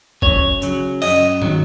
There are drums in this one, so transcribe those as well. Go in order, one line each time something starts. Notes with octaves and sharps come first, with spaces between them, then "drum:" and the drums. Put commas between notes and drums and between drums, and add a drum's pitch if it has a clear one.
F#2 C#5, drum: kick F#1
C#3 F#3, drum: tambourine
F#2 D#5, drum: cymbal
D#3 F#3, drum: tom G2